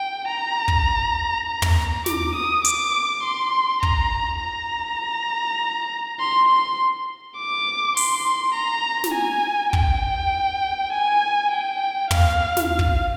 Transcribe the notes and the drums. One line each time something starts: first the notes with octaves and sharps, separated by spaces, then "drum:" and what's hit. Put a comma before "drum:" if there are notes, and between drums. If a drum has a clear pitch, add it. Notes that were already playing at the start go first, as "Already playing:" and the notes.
Already playing: G5
A#5
drum: kick
A#5
drum: tom
D6, drum: snare
D#6
D6, drum: hi-hat
C6
A#5, drum: kick
A#5
C6
C6
D6
C6, drum: open hi-hat
A#5
drum: snare
G#5
G5, drum: kick
G#5
G5
F5, drum: tom
drum: snare
F5
drum: kick